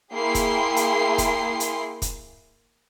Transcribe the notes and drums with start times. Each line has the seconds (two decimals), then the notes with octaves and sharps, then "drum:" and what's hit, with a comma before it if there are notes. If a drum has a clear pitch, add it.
0.14 A#3 E4 G#4 G5 C6 C7
0.35 drum: kick, hi-hat
0.76 drum: hi-hat
1.18 drum: kick, hi-hat
1.60 drum: hi-hat
2.02 drum: kick, hi-hat